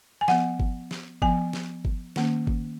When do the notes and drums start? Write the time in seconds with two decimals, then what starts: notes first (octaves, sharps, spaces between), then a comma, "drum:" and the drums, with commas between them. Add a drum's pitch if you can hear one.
0.21 G#5
0.28 F3 B3 F#5, drum: snare
0.60 drum: kick G1
0.91 drum: snare
1.22 F3 B3 G#5, drum: kick G1
1.53 drum: snare
1.85 drum: kick G1
2.16 D#3 A#3 C#4, drum: snare
2.47 drum: kick G1